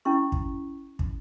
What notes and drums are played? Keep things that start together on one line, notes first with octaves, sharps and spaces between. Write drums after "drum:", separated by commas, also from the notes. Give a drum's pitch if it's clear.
C#4 E4 C#6
drum: kick
drum: kick